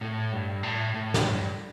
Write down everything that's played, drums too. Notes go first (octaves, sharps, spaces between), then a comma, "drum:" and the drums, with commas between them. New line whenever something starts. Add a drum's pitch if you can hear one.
A2
G2
A2
A2
drum: snare
G2